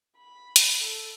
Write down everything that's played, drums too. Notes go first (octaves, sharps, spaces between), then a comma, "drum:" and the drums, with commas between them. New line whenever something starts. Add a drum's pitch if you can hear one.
B5
drum: hi-hat
A4